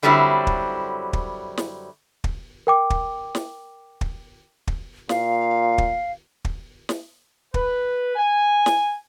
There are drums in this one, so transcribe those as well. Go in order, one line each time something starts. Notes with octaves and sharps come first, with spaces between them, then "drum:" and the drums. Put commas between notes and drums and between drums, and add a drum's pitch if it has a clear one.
F#2 D3 F#3 G3 C4 E4
drum: kick
drum: kick
drum: snare
drum: kick
A#4 G5 D6
drum: kick
drum: snare
drum: kick
drum: kick
A#2 F5, drum: snare
drum: kick
drum: kick
drum: snare
B4, drum: kick
G#5
drum: snare